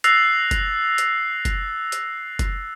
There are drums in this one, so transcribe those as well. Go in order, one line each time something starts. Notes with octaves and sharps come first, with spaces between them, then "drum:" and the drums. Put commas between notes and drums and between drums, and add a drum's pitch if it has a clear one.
E6 F#6 A6 A#6 C7 F7, drum: hi-hat
drum: kick F#1, hi-hat
drum: hi-hat
drum: kick F#1, hi-hat
drum: hi-hat
drum: kick F#1, hi-hat